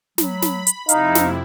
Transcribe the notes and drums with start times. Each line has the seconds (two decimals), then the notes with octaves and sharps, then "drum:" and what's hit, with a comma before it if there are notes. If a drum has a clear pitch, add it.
0.18 F#3 B5, drum: snare
0.42 drum: snare
0.67 drum: hi-hat
0.89 F2 C3 D#4 E4 F5, drum: hi-hat
1.15 drum: snare